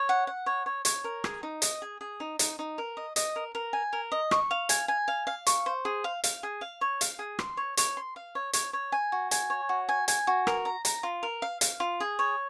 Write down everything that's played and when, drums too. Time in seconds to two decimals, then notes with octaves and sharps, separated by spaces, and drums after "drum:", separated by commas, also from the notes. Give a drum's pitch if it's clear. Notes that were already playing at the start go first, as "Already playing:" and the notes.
Already playing: C#5
0.09 F#5
0.27 F#5
0.46 C#5
0.66 C#5
0.85 C#5, drum: hi-hat
1.04 A#4
1.24 G#4, drum: rim click
1.43 D#4
1.62 D#5, drum: hi-hat
1.82 G#4
2.01 G#4
2.20 D#4
2.39 D#4, drum: hi-hat
2.59 D#4
2.78 A#4
2.97 D#5
3.16 D#5, drum: hi-hat
3.36 A#4
3.55 A#4
3.73 G#5
3.93 A#4
4.12 D#5
4.31 C#6, drum: rim click
4.51 F5
4.69 G#5, drum: hi-hat
4.88 G#5
5.08 F5
5.27 F5
5.47 C#6, drum: hi-hat
5.66 C5
5.85 G#4
6.04 F5
6.24 F5, drum: hi-hat
6.43 G#4
6.61 F5
6.81 C#5
7.01 F5, drum: hi-hat
7.19 G#4
7.39 C6, drum: rim click
7.57 C#5
7.77 C#5, drum: hi-hat
7.97 C6
8.16 F5
8.35 C#5
8.53 C#5, drum: hi-hat
8.73 C#5
8.92 G#5
9.12 F#4
9.31 G#5, drum: hi-hat
9.50 C#5
9.69 F#4
9.89 G#5
10.08 G#5, drum: hi-hat
10.27 F#4
10.47 A#4, drum: rim click
10.65 A#5
10.85 A#5, drum: hi-hat
11.03 F4
11.23 A#4
11.42 F5
11.61 F5, drum: hi-hat
11.80 F4
12.00 G#4
12.19 C#5